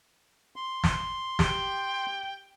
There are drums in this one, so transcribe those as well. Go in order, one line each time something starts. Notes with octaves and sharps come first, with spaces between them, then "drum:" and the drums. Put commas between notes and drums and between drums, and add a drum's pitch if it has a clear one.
C6
drum: snare
G4 G5, drum: snare